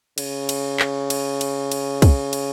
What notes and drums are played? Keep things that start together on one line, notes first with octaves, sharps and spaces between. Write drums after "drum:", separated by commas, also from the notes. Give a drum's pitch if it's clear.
C#3, drum: cymbal
drum: cymbal
drum: clap
drum: cymbal
drum: cymbal
drum: cymbal
drum: kick, cymbal
drum: cymbal